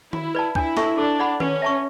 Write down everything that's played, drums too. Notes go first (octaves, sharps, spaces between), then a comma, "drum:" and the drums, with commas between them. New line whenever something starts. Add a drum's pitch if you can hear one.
E4 F#4, drum: tom D#3
B4 D5 A5
D4 E4, drum: kick
A4 E5 A5 C#6, drum: snare
D4 A4
D5 F#5 B5
C#4 B4, drum: tom D#3
E5 A5 C#6